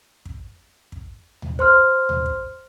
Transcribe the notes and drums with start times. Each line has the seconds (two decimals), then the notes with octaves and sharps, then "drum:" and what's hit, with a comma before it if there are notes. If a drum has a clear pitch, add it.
0.25 drum: kick
0.92 drum: kick
1.42 drum: tom D2
1.59 C5 C6 F6, drum: kick
2.09 drum: tom D2
2.26 drum: kick